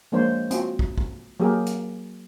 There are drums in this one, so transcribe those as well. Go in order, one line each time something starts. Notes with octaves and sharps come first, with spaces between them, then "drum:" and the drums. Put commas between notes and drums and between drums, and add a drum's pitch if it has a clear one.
F3 G#3 A#3 D4 C5 C#5
C4 F4 F#4, drum: hi-hat
drum: kick
drum: kick
F#3 A#3 G4 G#4 A#4
drum: hi-hat